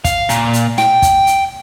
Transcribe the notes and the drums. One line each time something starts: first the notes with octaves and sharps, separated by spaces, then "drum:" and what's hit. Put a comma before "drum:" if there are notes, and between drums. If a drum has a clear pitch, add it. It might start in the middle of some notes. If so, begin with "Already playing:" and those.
F5, drum: kick, hi-hat
A#2, drum: hi-hat
drum: hi-hat
G5, drum: snare
drum: kick, hi-hat
drum: hi-hat